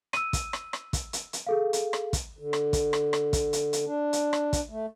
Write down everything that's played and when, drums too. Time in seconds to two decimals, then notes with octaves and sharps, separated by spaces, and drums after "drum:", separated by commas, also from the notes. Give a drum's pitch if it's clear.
0.13 E6 D#7, drum: rim click
0.33 drum: kick, hi-hat
0.53 drum: rim click
0.73 drum: rim click
0.93 drum: kick, hi-hat
1.13 drum: hi-hat
1.33 drum: hi-hat
1.47 G#4 A4 F5
1.73 drum: hi-hat
1.93 drum: rim click
2.13 drum: kick, hi-hat
2.39 D3
2.53 drum: rim click
2.73 drum: kick, hi-hat
2.93 drum: rim click
3.13 drum: rim click
3.33 drum: kick, hi-hat
3.53 drum: hi-hat
3.73 drum: hi-hat
3.86 D4
4.13 drum: hi-hat
4.33 drum: rim click
4.53 drum: kick, hi-hat
4.70 A3